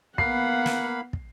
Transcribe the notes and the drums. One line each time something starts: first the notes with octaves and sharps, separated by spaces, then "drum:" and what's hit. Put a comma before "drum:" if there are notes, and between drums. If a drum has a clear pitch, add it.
A#3 B3 F5 F#5 B5 C7, drum: kick
drum: snare
drum: kick